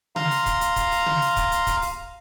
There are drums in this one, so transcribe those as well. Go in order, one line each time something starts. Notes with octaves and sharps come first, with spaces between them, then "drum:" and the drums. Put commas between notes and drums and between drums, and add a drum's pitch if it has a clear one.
F5 A#5 C6, drum: tom C#3
drum: open hi-hat
drum: kick, hi-hat
drum: hi-hat
drum: kick, hi-hat
drum: open hi-hat
drum: tom C#3
drum: open hi-hat
drum: kick, hi-hat
drum: hi-hat
drum: kick, hi-hat
drum: open hi-hat